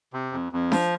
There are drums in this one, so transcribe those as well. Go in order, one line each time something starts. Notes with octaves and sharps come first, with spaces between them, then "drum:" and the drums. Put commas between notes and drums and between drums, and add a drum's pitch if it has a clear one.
C3
F2
F2
F3, drum: snare D4